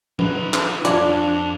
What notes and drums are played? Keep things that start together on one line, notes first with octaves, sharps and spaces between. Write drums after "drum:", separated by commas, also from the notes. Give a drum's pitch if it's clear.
D#4 F4 B4, drum: tom F3
drum: clap
F2 D4 F4 C#5 D5, drum: hi-hat